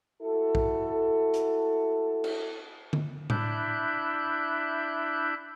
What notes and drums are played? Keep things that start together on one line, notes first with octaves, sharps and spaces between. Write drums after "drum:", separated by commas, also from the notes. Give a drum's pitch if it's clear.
E4 F#4 A4
drum: kick
drum: hi-hat
drum: cymbal
drum: tom D3
D4 E4 E5 F#6 G6, drum: tom A2